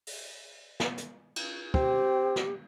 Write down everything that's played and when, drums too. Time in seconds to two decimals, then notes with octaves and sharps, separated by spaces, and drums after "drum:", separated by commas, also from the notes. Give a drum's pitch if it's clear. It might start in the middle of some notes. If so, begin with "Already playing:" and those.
0.07 drum: open hi-hat
0.80 drum: snare
0.98 drum: hi-hat
1.36 drum: cymbal
1.74 C4 G4, drum: kick
2.36 drum: snare